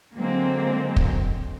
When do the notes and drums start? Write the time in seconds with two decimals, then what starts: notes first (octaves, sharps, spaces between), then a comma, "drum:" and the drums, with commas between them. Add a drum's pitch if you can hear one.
0.15 D3 F#3 G#3 A#3 C4
0.96 drum: kick